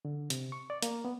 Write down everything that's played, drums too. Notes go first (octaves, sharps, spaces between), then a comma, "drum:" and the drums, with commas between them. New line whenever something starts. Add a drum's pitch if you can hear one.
D3
C3, drum: hi-hat
C#6
D5
A#3, drum: hi-hat
B3